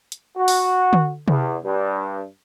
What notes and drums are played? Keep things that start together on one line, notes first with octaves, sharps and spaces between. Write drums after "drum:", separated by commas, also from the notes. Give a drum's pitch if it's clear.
drum: hi-hat
F#4
drum: open hi-hat
drum: tom D3
E2, drum: tom C3
G2